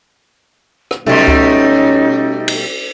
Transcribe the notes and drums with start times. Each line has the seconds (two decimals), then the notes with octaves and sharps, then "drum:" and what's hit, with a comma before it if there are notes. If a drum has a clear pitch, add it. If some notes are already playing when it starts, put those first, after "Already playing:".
0.91 drum: rim click
1.06 B2 G3 A3 C#4 D#4, drum: tom C3
1.28 drum: kick C#2
2.48 drum: cymbal